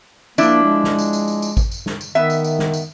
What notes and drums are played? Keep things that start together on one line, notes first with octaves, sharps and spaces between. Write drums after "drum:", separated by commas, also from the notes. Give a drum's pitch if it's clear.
F3 A#3 D4 E4, drum: tambourine
G#3
drum: snare
drum: tambourine
drum: tambourine
drum: tambourine
drum: tambourine
drum: kick G#1, tambourine
drum: tambourine
drum: snare
drum: tambourine
D#3 B3 E5
drum: tambourine
drum: tambourine
drum: snare
drum: tambourine